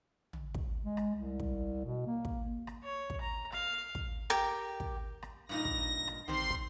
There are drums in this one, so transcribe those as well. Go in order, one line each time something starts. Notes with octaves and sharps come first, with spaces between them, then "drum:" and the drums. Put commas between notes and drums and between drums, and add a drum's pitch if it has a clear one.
drum: tom
drum: kick
G#3
drum: rim click
C2
drum: kick
B2
A#3
drum: kick
drum: rim click
C#5
drum: kick
A#5
F5, drum: rim click
drum: kick
G4 A#4 G5
drum: kick
drum: rim click
G2 A#2 D#4 A#6
drum: kick
drum: rim click
D#3 G3 C4 C6, drum: tom
drum: kick